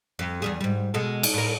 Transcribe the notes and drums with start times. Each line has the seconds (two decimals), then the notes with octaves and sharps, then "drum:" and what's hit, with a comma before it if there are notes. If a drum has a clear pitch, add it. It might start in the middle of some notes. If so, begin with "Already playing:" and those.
0.19 F2
0.42 E2 G3 G#4
0.61 G#2 G3
0.94 B2 G#3 A4
1.23 drum: cymbal
1.34 A2 A#4